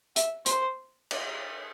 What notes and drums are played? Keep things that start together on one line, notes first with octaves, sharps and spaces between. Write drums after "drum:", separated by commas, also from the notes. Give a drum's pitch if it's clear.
E5, drum: hi-hat
C5, drum: hi-hat
drum: cymbal